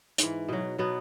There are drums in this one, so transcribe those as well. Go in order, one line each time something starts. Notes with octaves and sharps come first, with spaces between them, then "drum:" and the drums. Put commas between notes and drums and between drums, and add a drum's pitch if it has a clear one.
G#2 E3, drum: hi-hat
B2 F#3
B2 F#3 B3